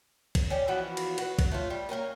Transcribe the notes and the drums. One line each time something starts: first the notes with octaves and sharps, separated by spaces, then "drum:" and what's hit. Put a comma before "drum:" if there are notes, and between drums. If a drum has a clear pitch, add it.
drum: kick, cymbal
C#4 G4 D5
E3 F3 B3 F#4
drum: cymbal
F#4 B4, drum: cymbal
drum: kick, cymbal
A3 C#4 F4
G3
A#3 C4 C#4 A#4